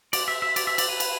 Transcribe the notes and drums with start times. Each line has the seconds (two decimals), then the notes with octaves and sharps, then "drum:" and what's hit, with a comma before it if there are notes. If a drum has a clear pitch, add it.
0.13 D5, drum: cymbal
0.28 E5
0.42 E5
0.56 D5, drum: cymbal
0.67 E5
0.78 D5, drum: cymbal
0.89 B4
1.00 drum: cymbal